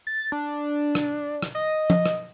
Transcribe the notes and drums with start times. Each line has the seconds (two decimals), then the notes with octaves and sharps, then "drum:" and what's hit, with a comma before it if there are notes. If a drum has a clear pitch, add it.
0.07 A6
0.32 D4
0.95 drum: rim click
1.42 drum: rim click
1.55 D#5
1.90 drum: tom F3
2.06 drum: rim click